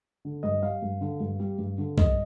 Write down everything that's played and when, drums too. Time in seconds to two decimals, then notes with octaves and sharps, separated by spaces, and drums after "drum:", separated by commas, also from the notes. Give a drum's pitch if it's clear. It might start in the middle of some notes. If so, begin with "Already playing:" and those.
0.25 D3
0.43 G2 D#5
0.63 G3 F5
0.82 G2
1.01 D3
1.20 G2
1.40 G3
1.58 G2
1.78 D3
1.98 G2 D#5, drum: kick